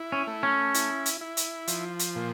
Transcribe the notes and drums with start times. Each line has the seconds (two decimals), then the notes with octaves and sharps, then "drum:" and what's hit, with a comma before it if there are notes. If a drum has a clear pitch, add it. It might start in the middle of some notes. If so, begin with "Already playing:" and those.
Already playing: E4
0.12 C#4
0.27 A3
0.43 C#4
0.74 E4, drum: hi-hat
1.06 drum: hi-hat
1.21 E4
1.37 drum: hi-hat
1.68 F3, drum: hi-hat
1.99 drum: hi-hat
2.16 A#2